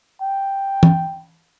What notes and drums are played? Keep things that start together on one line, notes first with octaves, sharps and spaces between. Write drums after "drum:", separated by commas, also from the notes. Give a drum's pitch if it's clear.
G5
drum: tom E3